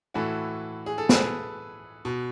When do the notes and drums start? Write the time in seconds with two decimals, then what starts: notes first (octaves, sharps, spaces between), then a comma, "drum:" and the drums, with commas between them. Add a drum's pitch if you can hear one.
0.14 A2 E3 F#4 A4
0.86 G#4
0.98 A4
1.09 G#4 B4, drum: snare
2.05 B2